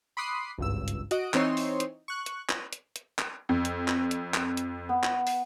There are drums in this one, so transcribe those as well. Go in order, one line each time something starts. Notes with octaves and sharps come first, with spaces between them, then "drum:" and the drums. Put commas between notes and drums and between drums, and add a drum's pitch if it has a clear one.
B5 C6 D6 D#6 F#6 C7
G#1 C#2 G2 E6
drum: hi-hat
F#4 D#5 F#5 D7, drum: hi-hat
E3 C4 D#4 C#5 C6, drum: clap
drum: open hi-hat
drum: hi-hat
C#6 F#6
drum: hi-hat
drum: clap
drum: hi-hat
drum: hi-hat
drum: clap
F2
drum: hi-hat
drum: clap
drum: hi-hat
drum: clap
drum: hi-hat
B3
drum: clap
drum: open hi-hat